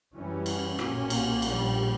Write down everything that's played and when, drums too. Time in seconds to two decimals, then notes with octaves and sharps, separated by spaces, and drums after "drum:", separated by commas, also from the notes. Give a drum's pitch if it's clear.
0.14 F#2 E3 G3 C#4
0.46 drum: cymbal
0.79 B1 A#2 A#3 C#4, drum: rim click
1.10 drum: cymbal
1.42 A#1 A#2 G3, drum: cymbal